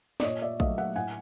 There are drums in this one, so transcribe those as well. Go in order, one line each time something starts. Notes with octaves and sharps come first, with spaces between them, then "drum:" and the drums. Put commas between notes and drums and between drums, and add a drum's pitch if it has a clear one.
D5, drum: snare
A#2 C#5 D#5
D5 E5
F#3 A3 D#5 F5, drum: kick A#1
E5 F#5
A2 F#5 G#5